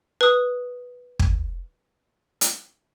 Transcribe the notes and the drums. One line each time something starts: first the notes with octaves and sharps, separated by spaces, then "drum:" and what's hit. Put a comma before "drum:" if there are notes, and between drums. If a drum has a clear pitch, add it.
B4 D#6
drum: kick
drum: hi-hat